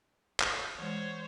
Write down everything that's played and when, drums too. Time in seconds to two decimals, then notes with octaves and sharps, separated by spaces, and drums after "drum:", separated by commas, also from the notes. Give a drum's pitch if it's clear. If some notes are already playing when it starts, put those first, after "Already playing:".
0.40 drum: clap
0.79 E3 G#3 C5 C#5